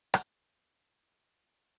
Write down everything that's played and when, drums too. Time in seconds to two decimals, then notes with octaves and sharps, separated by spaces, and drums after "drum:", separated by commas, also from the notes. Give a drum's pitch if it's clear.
0.14 drum: rim click
0.25 B3 F4